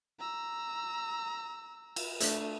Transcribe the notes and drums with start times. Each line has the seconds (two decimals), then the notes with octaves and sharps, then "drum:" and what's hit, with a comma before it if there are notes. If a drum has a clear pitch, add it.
0.19 A#5 E6
1.96 drum: cymbal
2.20 A3 D4, drum: hi-hat